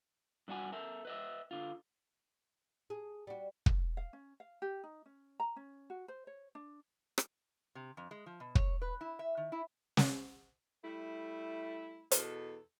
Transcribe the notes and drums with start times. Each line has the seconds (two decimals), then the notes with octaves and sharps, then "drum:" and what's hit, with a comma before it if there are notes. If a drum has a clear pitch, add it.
0.48 G2 D4 F#4 G#5
0.72 A4 A#4 E5
1.05 B4 D#5 E5
1.51 D3 F4
2.90 G#4
3.27 G3 F#4
3.66 drum: kick
3.97 F5
4.13 C#4
4.40 F5
4.62 G4
4.84 D#4
5.06 C#4
5.40 A#5
5.56 C#4
5.90 F#4
6.08 C5
6.27 C#5
6.55 D4
7.18 drum: rim click
7.75 C3
7.97 F2
8.11 G#3
8.26 F3
8.40 B2
8.55 C#5, drum: kick
8.82 B4
9.01 E4
9.19 E5
9.37 D#3
9.52 E4
9.97 drum: snare
10.83 G3 A3 E4
12.11 E2 B2 A4, drum: hi-hat